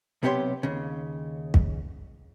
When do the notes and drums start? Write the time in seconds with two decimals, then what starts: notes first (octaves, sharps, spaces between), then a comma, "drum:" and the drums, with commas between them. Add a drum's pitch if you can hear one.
0.23 B1 C3 B3 G4 C#5 C6
0.63 D#2 C#3
1.54 drum: kick